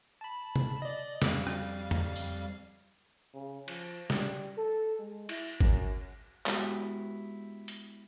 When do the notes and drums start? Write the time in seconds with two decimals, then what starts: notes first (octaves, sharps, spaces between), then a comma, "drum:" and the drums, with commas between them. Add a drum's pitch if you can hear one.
0.21 A5 B5
0.56 drum: tom
0.82 D5 D#5
1.22 F2 G3 F5, drum: snare
1.47 drum: rim click
1.91 drum: tom E2
2.16 drum: tambourine
3.34 C#3
3.68 F3, drum: cymbal
4.10 G3, drum: snare
4.57 A4
4.99 G#3
5.29 E4, drum: cymbal
5.61 F#2, drum: kick
6.46 G#3 B3 E4 F#4 G4, drum: clap
7.68 drum: hi-hat